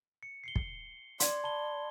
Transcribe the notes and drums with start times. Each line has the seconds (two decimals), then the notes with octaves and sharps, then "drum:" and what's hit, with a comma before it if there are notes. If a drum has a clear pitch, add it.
0.23 C#7
0.44 C7 C#7 G7
0.56 drum: kick
1.20 D5 C6 G#6, drum: hi-hat
1.44 A5 B5 G7